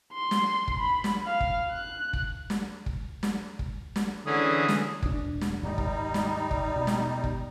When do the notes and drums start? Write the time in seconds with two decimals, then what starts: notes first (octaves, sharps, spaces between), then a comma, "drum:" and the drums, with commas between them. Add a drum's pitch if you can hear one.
0.13 C6
0.31 drum: snare
0.68 drum: kick
0.79 B5
1.04 drum: snare
1.26 F5
1.40 drum: kick
1.71 F#6
2.13 drum: kick
2.50 drum: snare
2.86 drum: kick
3.23 drum: snare
3.59 drum: kick
3.96 drum: snare
4.26 D3 E3 C#4 G#4 D#6
4.68 drum: snare
5.03 E1 D4, drum: kick
5.41 drum: snare
5.63 D#2 G#2 G3 D#4
5.78 drum: kick
6.14 drum: snare
6.51 drum: kick
6.76 B2
6.87 drum: snare
7.24 drum: kick